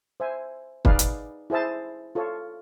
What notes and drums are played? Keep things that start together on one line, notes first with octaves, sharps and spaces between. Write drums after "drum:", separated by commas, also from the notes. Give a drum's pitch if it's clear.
C5 E5 G#5
D#4 G#4 B4 D5 F5, drum: kick
drum: hi-hat
E4 G#4 C5 E5 A5
F4 A4 C#5